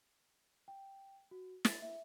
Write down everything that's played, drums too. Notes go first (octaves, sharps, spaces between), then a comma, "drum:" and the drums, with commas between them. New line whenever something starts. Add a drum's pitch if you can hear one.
G5
F#4
A6, drum: snare
E5